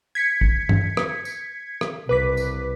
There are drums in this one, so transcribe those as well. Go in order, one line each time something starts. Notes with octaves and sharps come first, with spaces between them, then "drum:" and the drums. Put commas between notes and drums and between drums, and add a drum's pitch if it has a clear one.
G#6 B6 C#7
drum: kick
drum: tom G2
drum: rim click
drum: tambourine
drum: rim click
C2 B4 D6 B6
drum: tambourine